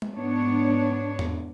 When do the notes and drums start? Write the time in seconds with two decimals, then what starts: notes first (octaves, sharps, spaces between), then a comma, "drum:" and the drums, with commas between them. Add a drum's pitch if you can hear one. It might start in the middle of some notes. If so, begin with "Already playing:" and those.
0.02 drum: tom
0.14 G#2 B3 D4 C#5
1.19 drum: tom E2